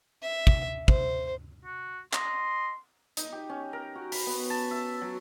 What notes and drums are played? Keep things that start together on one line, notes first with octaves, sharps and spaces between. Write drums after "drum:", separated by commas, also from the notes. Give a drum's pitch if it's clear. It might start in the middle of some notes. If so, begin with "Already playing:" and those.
E5
drum: kick
C5, drum: kick
F#4
D#5 C6, drum: clap
D#4, drum: hi-hat
G4
C#4
A#4
F#4
B5, drum: open hi-hat
B3
A5
E5
F#3